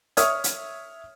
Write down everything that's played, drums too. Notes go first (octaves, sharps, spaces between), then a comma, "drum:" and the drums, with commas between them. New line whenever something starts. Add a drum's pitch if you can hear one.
C#5 E5 D#6 F6 G#6, drum: hi-hat
drum: hi-hat